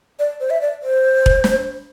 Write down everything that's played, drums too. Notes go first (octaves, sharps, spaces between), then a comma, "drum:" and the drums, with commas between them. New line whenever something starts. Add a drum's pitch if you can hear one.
D5
C5
E5
D5
C5
drum: kick E1
drum: snare